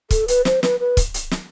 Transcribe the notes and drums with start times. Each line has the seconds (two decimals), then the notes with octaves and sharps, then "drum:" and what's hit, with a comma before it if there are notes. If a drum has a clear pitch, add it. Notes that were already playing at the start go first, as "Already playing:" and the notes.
0.11 A4, drum: kick, hi-hat
0.28 B4, drum: hi-hat
0.45 C5, drum: snare
0.63 B4, drum: snare
0.80 B4
0.97 drum: kick, hi-hat
1.14 drum: hi-hat
1.31 drum: snare